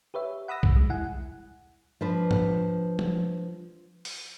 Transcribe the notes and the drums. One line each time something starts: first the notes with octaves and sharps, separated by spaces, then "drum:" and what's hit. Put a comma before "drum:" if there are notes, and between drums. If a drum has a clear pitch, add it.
G4 B4 C#5 E5
F#5 B5 D#6 E6 A#6
drum: kick B1
G3 G#3
E4 F#5 G#5
F3 D4 B4
drum: tom G#2
drum: tom
drum: open hi-hat